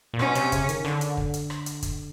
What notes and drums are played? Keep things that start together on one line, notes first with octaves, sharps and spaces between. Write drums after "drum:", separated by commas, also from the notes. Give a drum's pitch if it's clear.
A#2
B2 C#4, drum: rim click
C3, drum: hi-hat
C#3, drum: kick, hi-hat
D#3, drum: hi-hat
D3, drum: rim click
drum: hi-hat
drum: kick
drum: hi-hat
drum: rim click
drum: hi-hat
drum: kick, hi-hat